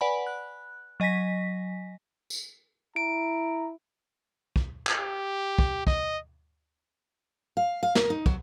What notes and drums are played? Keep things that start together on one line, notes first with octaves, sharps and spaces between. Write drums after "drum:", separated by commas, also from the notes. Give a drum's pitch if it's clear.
B4 D5 F#5 G#5 B5
F#6
F#3 D#5 G#5 A#6 B6
drum: tambourine
E4 A#5 D7
drum: kick
drum: clap
G4
drum: kick
D#5, drum: kick
F5
F5
A#4, drum: snare
D#4
F#3, drum: kick